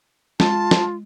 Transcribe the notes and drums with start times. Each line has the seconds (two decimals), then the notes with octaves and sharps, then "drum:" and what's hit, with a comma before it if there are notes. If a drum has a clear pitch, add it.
0.40 G#3 F4 A5, drum: snare
0.71 drum: snare